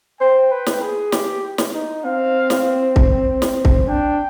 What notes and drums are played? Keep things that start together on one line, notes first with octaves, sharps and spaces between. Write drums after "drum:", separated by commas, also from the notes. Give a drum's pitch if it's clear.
C5 G5
B4
drum: snare
G#4
G4, drum: snare
drum: snare
D#4
C4 F5
drum: snare
drum: kick
drum: snare
drum: kick
D4 G5